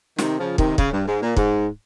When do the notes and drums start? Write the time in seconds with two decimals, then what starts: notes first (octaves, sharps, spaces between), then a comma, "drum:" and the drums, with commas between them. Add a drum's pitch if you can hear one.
0.19 C3 D#3, drum: snare
0.39 C#3 F3
0.58 C3 D#3, drum: kick
0.78 C#3, drum: kick
0.93 G2
1.07 G#2
1.23 A#2
1.37 G#2, drum: kick